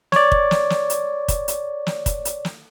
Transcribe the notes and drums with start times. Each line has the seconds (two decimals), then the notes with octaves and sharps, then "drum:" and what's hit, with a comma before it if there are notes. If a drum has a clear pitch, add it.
0.12 C#5 D5, drum: snare
0.32 drum: kick
0.51 drum: snare
0.70 drum: snare
0.90 drum: hi-hat
1.28 drum: kick, hi-hat
1.48 drum: hi-hat
1.87 drum: snare
2.06 drum: kick, hi-hat
2.25 drum: hi-hat
2.45 drum: snare